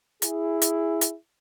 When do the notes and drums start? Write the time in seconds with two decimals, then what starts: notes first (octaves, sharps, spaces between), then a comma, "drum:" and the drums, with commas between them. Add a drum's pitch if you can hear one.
0.22 E4 G#4, drum: hi-hat
0.62 drum: hi-hat
1.01 drum: hi-hat